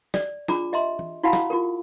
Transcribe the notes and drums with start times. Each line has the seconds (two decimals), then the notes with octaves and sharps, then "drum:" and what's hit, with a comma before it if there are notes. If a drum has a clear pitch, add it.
0.14 D5, drum: snare
0.48 D4 F4 G#4 A#5 D6, drum: snare
0.72 G4 D#5 E5 A#5 C6
0.99 drum: tom E3
1.23 E4 F#4 F5 F#5 A5 B5
1.33 drum: snare
1.50 F4 G4 A#4